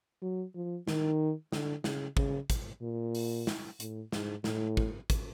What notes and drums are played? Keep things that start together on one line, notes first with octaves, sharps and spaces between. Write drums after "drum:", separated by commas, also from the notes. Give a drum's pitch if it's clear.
F#3
F3
D#3, drum: snare
D3, drum: snare
C#3, drum: snare
C#3, drum: kick
drum: kick, hi-hat
A#2
drum: open hi-hat
drum: snare
A2, drum: hi-hat
G#2, drum: snare
A2, drum: snare
drum: kick
drum: kick, hi-hat